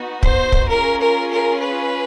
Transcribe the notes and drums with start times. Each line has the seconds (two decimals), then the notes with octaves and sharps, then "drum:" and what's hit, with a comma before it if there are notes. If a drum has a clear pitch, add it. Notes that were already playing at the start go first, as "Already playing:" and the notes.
Already playing: B3 D#4 F#4
0.23 C5, drum: kick
0.52 drum: kick
0.69 C#4 F4 G#4 A#4
1.01 A#4
1.31 A#4
1.62 B4